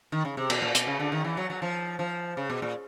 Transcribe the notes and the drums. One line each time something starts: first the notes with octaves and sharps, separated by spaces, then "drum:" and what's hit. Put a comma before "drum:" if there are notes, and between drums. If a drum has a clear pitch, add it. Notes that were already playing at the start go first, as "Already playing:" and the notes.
D#3
C#3
C3
B2, drum: cymbal
A#2
B2, drum: hi-hat
C#3
D3
D#3
E3
F#3
F#3
F3
F3
C#3
B2
A#2